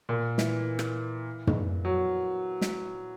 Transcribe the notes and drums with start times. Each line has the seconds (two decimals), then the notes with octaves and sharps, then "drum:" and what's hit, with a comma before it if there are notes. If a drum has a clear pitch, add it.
0.09 A#2
0.38 E3, drum: snare
0.79 drum: rim click
1.47 drum: tom
1.85 F#3
2.61 drum: snare